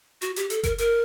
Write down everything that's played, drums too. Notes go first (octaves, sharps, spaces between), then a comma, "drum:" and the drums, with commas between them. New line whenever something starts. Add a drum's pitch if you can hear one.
F#4, drum: hi-hat
G4, drum: hi-hat
A4, drum: hi-hat
A#4, drum: kick F#1, hi-hat
A#4, drum: hi-hat